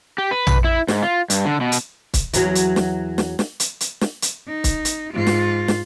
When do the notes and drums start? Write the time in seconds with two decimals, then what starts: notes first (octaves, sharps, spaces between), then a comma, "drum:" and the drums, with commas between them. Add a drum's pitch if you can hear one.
0.18 G4
0.31 B4
0.47 drum: tom A#1
0.64 E4
0.88 G#2, drum: snare
1.02 F4
1.30 G2, drum: hi-hat
1.45 D3
1.61 B2
1.72 drum: hi-hat
2.14 drum: kick, hi-hat
2.33 E2 F#3, drum: hi-hat
2.55 drum: hi-hat
2.76 drum: snare
3.18 drum: snare
3.39 drum: snare
3.60 drum: hi-hat
3.81 drum: hi-hat
4.01 drum: snare
4.22 drum: hi-hat
4.48 D#4
4.64 drum: kick, hi-hat
4.85 drum: hi-hat
5.13 G#2 F4
5.27 drum: snare
5.68 drum: snare